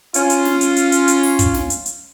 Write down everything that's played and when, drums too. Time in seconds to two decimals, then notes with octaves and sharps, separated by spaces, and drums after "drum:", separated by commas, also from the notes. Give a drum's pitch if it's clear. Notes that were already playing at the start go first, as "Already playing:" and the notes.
0.14 C#4 F4, drum: hi-hat
0.30 drum: hi-hat
0.45 drum: snare
0.61 drum: hi-hat
0.76 drum: hi-hat
0.92 drum: hi-hat
1.08 drum: hi-hat
1.23 drum: open hi-hat
1.39 drum: kick, hi-hat
1.54 drum: snare
1.70 drum: hi-hat
1.86 drum: hi-hat